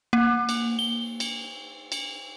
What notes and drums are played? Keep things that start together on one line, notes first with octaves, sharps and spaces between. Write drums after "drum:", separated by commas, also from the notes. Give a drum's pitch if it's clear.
A#3
drum: cymbal
G7
drum: cymbal
drum: cymbal